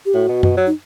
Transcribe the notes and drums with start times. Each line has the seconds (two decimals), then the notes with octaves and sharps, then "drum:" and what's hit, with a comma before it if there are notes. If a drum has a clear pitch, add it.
0.06 G4
0.14 A2 F#4
0.29 B2
0.43 B2, drum: tom F#2
0.57 F#3
0.67 D#4